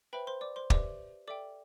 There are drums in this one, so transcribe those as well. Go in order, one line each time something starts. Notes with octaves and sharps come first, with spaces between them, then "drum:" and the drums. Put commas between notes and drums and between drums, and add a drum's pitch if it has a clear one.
B4 C5 E5 G5 B5
C5 C6
D5 D6
C5 C6
G4 B4 D5 E5 D6, drum: kick
A4 D5 E5 G5 D6